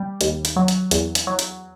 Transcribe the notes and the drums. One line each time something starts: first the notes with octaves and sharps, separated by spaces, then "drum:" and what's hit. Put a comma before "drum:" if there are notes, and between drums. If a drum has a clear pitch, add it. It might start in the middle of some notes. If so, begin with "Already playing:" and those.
Already playing: G3
D#2, drum: hi-hat
drum: hi-hat
F#3
drum: hi-hat
E2, drum: hi-hat
drum: hi-hat
F#3
drum: hi-hat